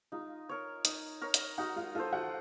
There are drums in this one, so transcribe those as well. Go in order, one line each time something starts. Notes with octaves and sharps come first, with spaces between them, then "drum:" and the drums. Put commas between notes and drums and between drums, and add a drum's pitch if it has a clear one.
D#4 F4 F5
A#4 C#5
D#4, drum: hi-hat
A#4 C#5
drum: hi-hat
D#4 F#4 F#5
F4 F5
F4 A4 C5 F5
F#4 F#5